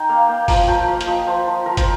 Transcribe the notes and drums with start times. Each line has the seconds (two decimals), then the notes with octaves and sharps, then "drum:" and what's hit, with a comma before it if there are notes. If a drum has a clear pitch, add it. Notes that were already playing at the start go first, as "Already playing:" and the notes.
Already playing: D#4 G5
0.09 A#3 F5
0.28 A#3 G5
0.48 F3 F5, drum: kick, open hi-hat
0.68 F3 G5
0.88 F3 F5
1.01 F5, drum: hi-hat
1.07 F3 D#5
1.27 F3 C5
1.46 F3
1.66 F3 A#4
1.77 C5, drum: kick, hi-hat